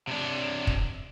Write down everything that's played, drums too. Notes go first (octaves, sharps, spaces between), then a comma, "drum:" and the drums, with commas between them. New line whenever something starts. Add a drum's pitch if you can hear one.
C3 D4
drum: kick